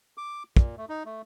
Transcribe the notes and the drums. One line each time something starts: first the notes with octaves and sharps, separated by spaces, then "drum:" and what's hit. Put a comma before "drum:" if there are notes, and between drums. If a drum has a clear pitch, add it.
D6
A#2, drum: kick
A3
D#4
A3